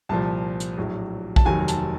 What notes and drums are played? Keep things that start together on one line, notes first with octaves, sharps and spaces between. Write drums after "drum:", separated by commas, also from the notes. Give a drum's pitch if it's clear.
C2 A#2 F3 A5
drum: hi-hat
A#1 A2 F#3
A5, drum: kick A#1
F1 D#2 D#3 F#3 G#5
A5, drum: hi-hat